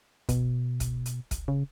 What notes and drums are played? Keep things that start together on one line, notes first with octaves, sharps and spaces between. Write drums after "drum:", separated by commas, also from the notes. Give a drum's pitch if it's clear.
B2, drum: kick, hi-hat
drum: kick, hi-hat
drum: hi-hat
drum: kick, hi-hat
C#3